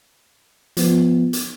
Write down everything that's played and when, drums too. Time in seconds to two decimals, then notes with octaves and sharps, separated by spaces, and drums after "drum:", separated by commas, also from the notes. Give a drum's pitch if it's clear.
0.77 F3 B3, drum: hi-hat
1.33 drum: hi-hat